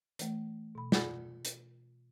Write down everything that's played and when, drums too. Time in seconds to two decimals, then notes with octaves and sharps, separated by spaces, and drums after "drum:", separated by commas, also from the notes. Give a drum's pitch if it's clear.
0.19 E3 A3, drum: hi-hat
0.75 B2 B5
0.92 F4 D5 F#5 G#5 B5 A6, drum: snare
1.45 drum: hi-hat